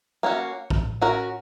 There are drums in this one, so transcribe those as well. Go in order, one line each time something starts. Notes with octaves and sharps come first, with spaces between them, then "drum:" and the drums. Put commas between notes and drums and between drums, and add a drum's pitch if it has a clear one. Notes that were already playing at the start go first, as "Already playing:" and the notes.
A#3 C#4 F#4
drum: kick
C#4 F#4 A#4